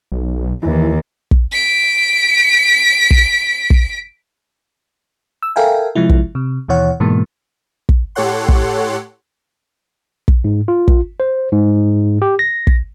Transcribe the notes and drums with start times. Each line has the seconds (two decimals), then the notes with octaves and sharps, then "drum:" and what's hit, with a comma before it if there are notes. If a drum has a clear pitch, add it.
0.12 B1
0.63 D#2 E3
1.31 drum: kick
1.52 B6 D7
3.11 drum: kick
3.70 drum: kick
5.42 E6
5.56 A4 A#4 E5 F5 G5 G#5
5.95 C3 F3 G#3 E4
6.09 drum: kick
6.35 C3
6.68 D#2 B2 E3 C#5 F#5
7.00 G#2 B2 E3 G#3 A#3
7.89 drum: kick
8.15 A2 G4 A4 C#5 F#5 C6
8.49 drum: kick
10.28 drum: kick
10.44 G#2
10.68 F4
10.88 drum: kick
11.20 C5
11.52 G#2
12.22 G4
12.39 A#6
12.67 drum: kick